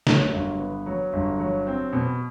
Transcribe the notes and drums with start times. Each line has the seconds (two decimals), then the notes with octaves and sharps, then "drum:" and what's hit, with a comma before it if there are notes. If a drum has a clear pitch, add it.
0.07 F#3, drum: snare
0.32 G1
0.59 B3
0.86 F#3
1.13 G1
1.39 F#3
1.67 C4
1.93 B2